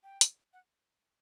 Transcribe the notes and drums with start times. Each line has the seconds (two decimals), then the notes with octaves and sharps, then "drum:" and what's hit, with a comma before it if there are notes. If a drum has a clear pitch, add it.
0.03 G5
0.21 drum: hi-hat
0.53 F#5